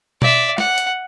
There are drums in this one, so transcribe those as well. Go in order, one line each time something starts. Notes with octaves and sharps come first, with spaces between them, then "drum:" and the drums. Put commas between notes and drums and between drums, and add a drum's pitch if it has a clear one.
D5 E5, drum: tom B2
F#5, drum: snare
drum: hi-hat